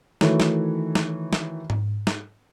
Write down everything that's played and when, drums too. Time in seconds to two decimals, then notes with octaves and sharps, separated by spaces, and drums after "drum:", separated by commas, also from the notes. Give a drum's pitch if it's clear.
0.21 D#3 E3 A3 F#4 C#5, drum: snare
0.40 drum: snare
0.95 drum: snare
1.33 drum: snare
1.70 drum: tom G#2
2.07 drum: snare